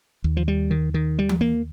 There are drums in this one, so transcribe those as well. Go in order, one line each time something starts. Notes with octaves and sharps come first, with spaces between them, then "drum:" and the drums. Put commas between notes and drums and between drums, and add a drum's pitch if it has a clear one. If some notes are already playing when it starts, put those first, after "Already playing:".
D#2
F3
G3
D#3
D#3
G3
drum: tom E3
A#3